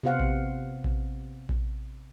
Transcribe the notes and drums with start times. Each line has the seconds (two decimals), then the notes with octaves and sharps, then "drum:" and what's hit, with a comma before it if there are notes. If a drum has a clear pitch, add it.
0.03 C3 B3 F4 C5 F5 F#5
0.20 drum: kick A#1
0.84 drum: kick A#1
1.49 drum: kick A#1